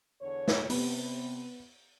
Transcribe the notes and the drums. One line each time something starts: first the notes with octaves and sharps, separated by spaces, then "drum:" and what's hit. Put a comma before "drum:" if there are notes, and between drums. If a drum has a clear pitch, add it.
E2 D3 C#5
drum: snare
C3 B3, drum: open hi-hat